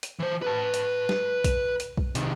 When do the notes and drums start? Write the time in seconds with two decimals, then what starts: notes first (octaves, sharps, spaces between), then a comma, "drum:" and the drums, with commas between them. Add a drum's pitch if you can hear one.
0.03 drum: hi-hat
0.20 E3 C5
0.42 B4 A5
0.74 drum: hi-hat
1.09 drum: snare
1.44 drum: kick B1, hi-hat
1.80 drum: hi-hat
1.97 drum: kick B1
2.15 C3 D#3, drum: hi-hat